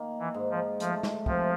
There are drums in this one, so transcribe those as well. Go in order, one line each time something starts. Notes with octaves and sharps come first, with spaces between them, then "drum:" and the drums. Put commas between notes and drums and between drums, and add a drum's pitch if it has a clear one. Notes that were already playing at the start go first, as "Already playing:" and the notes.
Already playing: D#3 A#3
E3
G#2
F3
F3 A3, drum: hi-hat
drum: snare
C3 F3, drum: kick